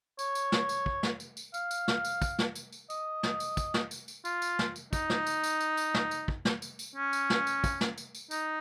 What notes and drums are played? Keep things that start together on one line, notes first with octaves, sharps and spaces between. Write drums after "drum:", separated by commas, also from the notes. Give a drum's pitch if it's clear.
C#5, drum: tambourine
drum: tambourine
drum: snare
drum: tambourine
drum: kick
drum: snare
drum: tambourine
drum: tambourine
F5, drum: tambourine
drum: tambourine
drum: snare
drum: tambourine
drum: kick, tambourine
drum: snare
drum: tambourine
drum: tambourine
D#5, drum: tambourine
drum: snare
drum: tambourine
drum: kick, tambourine
drum: snare
drum: tambourine
drum: tambourine
F4, drum: tambourine
drum: tambourine
drum: snare
drum: tambourine
D#4, drum: kick, tambourine
drum: snare
drum: tambourine
drum: tambourine
drum: tambourine
drum: tambourine
drum: snare
drum: tambourine
drum: kick
drum: snare
drum: tambourine
drum: tambourine
C#4
drum: tambourine
drum: snare
drum: tambourine
drum: kick, tambourine
drum: snare
drum: tambourine
drum: tambourine
D#4, drum: tambourine